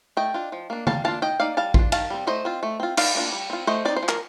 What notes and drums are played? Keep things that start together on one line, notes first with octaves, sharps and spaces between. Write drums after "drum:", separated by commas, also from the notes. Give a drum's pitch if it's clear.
A3 D#5 G5
D4 F4
F3
A#3 D4
G3 F5 A5, drum: tom C#3
A#3 D4 F4 F5 A5
D#3 D#5 G5
A#3 D#4 D5 F5
G3 F5 A5
D4 F4, drum: kick A1
D#3 F5 A5, drum: cymbal
G3 C4
A3 C5 D#5
C4 F4
A3
C4 F4
D#3 D5 F5, drum: cymbal
A#3 D4 F4
G3
C4 F4
A3 C5 D#5
C4 D#4 D5
C5
F3
A#4, drum: clap